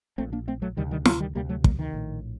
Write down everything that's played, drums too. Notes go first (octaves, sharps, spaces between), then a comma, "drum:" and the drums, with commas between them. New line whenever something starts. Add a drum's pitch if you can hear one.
A#1 A#2 A3 C4
A#3 D4
A3 C4
F#3 A3
D2 C3 D#3 G3
D#3 G3
F#3 A3, drum: snare
D#3 G3
D2 C3 G3 A#3
F#3 A3
G3 A#3, drum: kick
D#3
A#1 A2